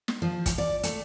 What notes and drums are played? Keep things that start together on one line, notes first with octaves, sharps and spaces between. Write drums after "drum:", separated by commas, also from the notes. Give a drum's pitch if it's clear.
drum: snare
F3
drum: kick, hi-hat
D5
A3, drum: hi-hat